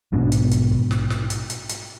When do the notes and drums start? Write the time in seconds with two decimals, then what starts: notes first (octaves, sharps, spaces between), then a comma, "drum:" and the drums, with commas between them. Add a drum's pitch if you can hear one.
0.12 A#1 G#2 B2 D4
0.32 drum: hi-hat
0.51 drum: hi-hat
0.71 drum: kick
0.91 drum: snare
1.10 drum: snare
1.30 drum: hi-hat
1.50 drum: hi-hat
1.69 drum: hi-hat